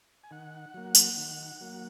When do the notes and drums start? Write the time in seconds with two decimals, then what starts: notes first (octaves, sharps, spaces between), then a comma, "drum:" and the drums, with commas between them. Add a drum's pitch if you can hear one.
0.24 G#5
0.31 D#3 F#5
0.74 F#3 A#3
0.95 drum: tambourine
1.17 D#3
1.61 F#3 A#3